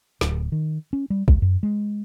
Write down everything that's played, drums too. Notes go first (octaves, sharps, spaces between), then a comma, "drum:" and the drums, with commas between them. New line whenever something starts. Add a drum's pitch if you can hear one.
D1, drum: snare
D#3
C#4
G3
C#2, drum: kick
F#2
G#3